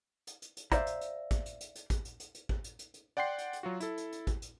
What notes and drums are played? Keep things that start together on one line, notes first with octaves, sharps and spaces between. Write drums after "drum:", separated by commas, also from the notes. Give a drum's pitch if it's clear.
drum: hi-hat
drum: hi-hat
drum: hi-hat
C5 D5 E5 F5 A#5, drum: kick, hi-hat
drum: hi-hat
drum: hi-hat
drum: kick, hi-hat
drum: hi-hat
drum: hi-hat
drum: hi-hat
drum: kick, hi-hat
drum: hi-hat
drum: hi-hat
drum: hi-hat
drum: kick
drum: hi-hat
drum: hi-hat
drum: hi-hat
D5 F#5 G5 C6 C7
drum: hi-hat
drum: hi-hat
F#3 F4 F#4
E4 A4, drum: hi-hat
drum: hi-hat
drum: hi-hat
drum: kick, hi-hat
drum: hi-hat